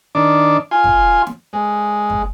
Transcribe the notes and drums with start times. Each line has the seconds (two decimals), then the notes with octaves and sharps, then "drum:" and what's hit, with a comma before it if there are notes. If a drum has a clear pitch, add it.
0.15 D#3 D4 D6
0.71 F4 G#5 C6
0.84 drum: kick
1.27 drum: snare
1.53 G#3
2.10 drum: kick